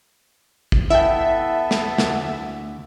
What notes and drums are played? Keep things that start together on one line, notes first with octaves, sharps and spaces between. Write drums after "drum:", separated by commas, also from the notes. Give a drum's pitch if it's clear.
drum: kick
B3 E4 A4 E5 G5
drum: snare
D2, drum: snare